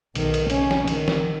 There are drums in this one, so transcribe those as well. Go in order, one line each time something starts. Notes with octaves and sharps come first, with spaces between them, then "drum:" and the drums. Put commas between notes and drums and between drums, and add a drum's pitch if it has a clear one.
B1 D#3, drum: cymbal
drum: cymbal
C#4, drum: cymbal
drum: snare
D#3, drum: cymbal
drum: snare